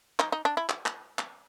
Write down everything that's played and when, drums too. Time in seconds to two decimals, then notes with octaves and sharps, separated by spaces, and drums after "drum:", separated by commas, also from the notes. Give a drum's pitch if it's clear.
0.19 D#4, drum: clap
0.32 D#4
0.45 D4
0.57 E4
0.69 drum: clap
0.86 drum: clap
1.19 drum: clap